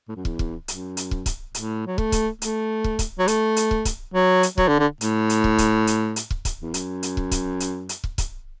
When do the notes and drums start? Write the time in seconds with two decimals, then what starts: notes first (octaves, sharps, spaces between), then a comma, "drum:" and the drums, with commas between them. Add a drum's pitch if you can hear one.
0.08 A2
0.16 F#2
0.25 E2, drum: kick
0.39 drum: kick
0.68 F#2, drum: hi-hat
0.97 drum: hi-hat
1.11 drum: kick
1.26 drum: kick, hi-hat
1.54 A2, drum: hi-hat
1.86 F#3
1.98 A3, drum: kick
2.12 drum: kick, hi-hat
2.42 A3, drum: hi-hat
2.84 drum: kick
2.99 drum: kick, hi-hat
3.19 F#3
3.28 A3, drum: hi-hat
3.56 drum: hi-hat
3.71 drum: kick
3.85 drum: kick, hi-hat
4.14 F#3
4.43 drum: hi-hat
4.58 F#3, drum: kick
4.68 D3
4.79 D3
5.01 A2, drum: hi-hat
5.30 drum: hi-hat
5.44 drum: kick
5.58 drum: kick, hi-hat
5.87 drum: hi-hat
6.16 drum: hi-hat
6.31 drum: kick
6.45 drum: kick, hi-hat
6.61 E2
6.74 F#2, drum: hi-hat
7.03 drum: hi-hat
7.17 drum: kick
7.31 drum: kick, hi-hat
7.60 drum: hi-hat
7.89 drum: hi-hat
8.04 drum: kick
8.18 drum: kick, hi-hat